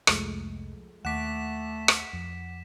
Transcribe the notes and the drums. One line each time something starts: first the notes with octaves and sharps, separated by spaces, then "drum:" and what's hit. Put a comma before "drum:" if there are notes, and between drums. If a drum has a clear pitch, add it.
C2 F2 F3 G#3 A3, drum: rim click
D#2 D#3 A3 F#5 D6 B6 E7
drum: rim click
F2